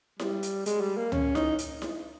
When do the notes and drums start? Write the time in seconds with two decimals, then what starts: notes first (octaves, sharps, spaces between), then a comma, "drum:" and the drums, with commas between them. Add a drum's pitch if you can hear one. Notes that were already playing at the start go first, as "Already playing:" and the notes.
0.19 G3, drum: snare E4
0.43 drum: hi-hat
0.66 G#3, drum: hi-hat
0.81 G3
0.97 A#3
1.12 C#4, drum: tom C#2
1.35 D#4, drum: snare E4
1.58 drum: hi-hat
1.82 drum: snare E4